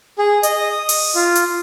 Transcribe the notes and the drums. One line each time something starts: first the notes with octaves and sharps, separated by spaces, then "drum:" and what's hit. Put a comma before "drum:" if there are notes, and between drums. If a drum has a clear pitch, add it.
G#4
D#5, drum: hi-hat
D#6
drum: open hi-hat
F4
drum: hi-hat